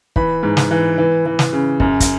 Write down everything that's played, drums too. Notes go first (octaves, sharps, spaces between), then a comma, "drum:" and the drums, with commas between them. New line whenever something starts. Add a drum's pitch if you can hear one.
E3 B5, drum: kick
G#2
drum: snare
E3
E3
E3
drum: snare
C#3
F#2, drum: kick
drum: kick, hi-hat